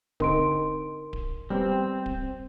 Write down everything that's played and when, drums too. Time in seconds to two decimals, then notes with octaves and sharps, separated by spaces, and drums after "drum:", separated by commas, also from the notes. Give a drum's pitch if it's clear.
0.20 D3 C4 D#4 A#4 C6 D7, drum: kick D1
1.13 drum: kick D1
1.50 G3 B3 C4 G4
2.06 drum: kick D1